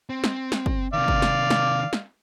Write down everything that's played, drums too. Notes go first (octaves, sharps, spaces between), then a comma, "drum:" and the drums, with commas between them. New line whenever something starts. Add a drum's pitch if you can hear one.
C4
drum: snare
drum: snare
drum: kick
C3 D#3 D5 F5
drum: kick
drum: snare
drum: snare
drum: snare